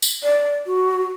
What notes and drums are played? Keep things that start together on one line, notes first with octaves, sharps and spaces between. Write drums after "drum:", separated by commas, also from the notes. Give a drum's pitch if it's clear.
drum: tambourine
D5
F#4